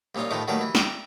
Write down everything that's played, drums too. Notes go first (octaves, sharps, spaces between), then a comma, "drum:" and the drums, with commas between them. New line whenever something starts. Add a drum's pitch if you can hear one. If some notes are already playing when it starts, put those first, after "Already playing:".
C2 A#2 C#4 D#4 F4
F2 A2 D#3 F3 A3 D#4
D#3 F#3 G3 A3 A#3 B4
E3
D5 E5 G5 A#5 B5 D6, drum: snare